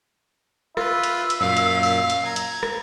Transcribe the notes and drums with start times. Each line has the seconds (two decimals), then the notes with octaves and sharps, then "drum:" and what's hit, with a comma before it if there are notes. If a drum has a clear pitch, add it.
0.77 F4 B4 E5, drum: rim click
1.04 drum: hi-hat
1.30 drum: hi-hat
1.41 F#2 A#2 F5
1.57 drum: hi-hat
1.83 drum: open hi-hat
2.10 drum: hi-hat
2.25 A#5 G#6
2.36 drum: hi-hat
2.63 drum: rim click